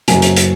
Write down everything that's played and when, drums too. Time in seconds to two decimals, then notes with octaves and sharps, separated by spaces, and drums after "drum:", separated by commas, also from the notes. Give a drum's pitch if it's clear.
0.08 F#1 F#2 F#3 G#5, drum: hi-hat
0.22 drum: hi-hat
0.36 drum: hi-hat